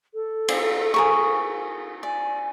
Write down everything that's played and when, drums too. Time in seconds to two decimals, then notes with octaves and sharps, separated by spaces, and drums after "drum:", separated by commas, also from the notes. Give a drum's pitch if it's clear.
0.14 A4
0.48 drum: cymbal
0.94 G#4 A#4 C#6
2.03 D5 G#5